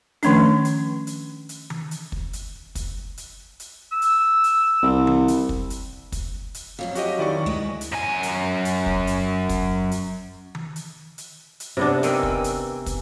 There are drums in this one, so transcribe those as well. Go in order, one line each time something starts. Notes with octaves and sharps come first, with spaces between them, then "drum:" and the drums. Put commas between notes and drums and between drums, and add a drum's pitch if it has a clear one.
D#3 F3 A3 C#4 D4, drum: hi-hat
drum: hi-hat
drum: hi-hat
drum: hi-hat
drum: tom D#3
drum: hi-hat
drum: kick
drum: hi-hat
drum: kick, hi-hat
drum: hi-hat
drum: hi-hat
E6
drum: hi-hat
drum: hi-hat
C2
drum: tom D#3
drum: hi-hat
drum: kick
drum: hi-hat
drum: kick, hi-hat
drum: hi-hat
F2 F#3 C#4
F#4 G4 D#5, drum: hi-hat
D#3 E4 D5 C#6
D2 G#3 B4 D#5
drum: hi-hat
F#2 G#5
drum: hi-hat
drum: hi-hat
drum: kick
drum: hi-hat
drum: kick, hi-hat
drum: hi-hat
drum: tom D#3
drum: hi-hat
drum: hi-hat
drum: hi-hat
C3 B3 D4
D#3 E3 C4, drum: hi-hat
drum: kick
drum: hi-hat
drum: kick, hi-hat